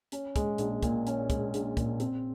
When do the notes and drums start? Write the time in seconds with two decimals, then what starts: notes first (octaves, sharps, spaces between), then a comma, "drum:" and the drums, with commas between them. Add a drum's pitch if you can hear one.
0.12 C#4, drum: hi-hat
0.36 G#3, drum: kick, hi-hat
0.58 A#1, drum: hi-hat
0.83 A#2, drum: kick, hi-hat
1.07 C#4, drum: hi-hat
1.30 G#3, drum: kick, hi-hat
1.54 A#1, drum: hi-hat
1.77 A#2, drum: kick, hi-hat
2.00 C4, drum: hi-hat